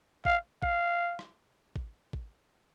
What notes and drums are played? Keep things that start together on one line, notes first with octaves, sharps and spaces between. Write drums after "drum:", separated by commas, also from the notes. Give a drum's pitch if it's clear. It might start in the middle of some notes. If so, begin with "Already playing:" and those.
F5, drum: kick
F5, drum: kick
drum: rim click
drum: kick
drum: kick